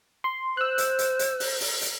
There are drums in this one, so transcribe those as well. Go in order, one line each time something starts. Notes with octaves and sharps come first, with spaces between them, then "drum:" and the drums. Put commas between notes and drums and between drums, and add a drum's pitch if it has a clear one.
C6
C5 E6 F#6
drum: hi-hat
drum: hi-hat
drum: hi-hat
drum: open hi-hat
drum: open hi-hat
drum: hi-hat